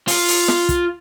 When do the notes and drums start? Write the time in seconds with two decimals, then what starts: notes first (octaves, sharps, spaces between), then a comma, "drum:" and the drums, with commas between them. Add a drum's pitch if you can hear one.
0.08 F4, drum: open hi-hat
0.28 drum: open hi-hat
0.48 drum: snare
0.69 drum: kick, hi-hat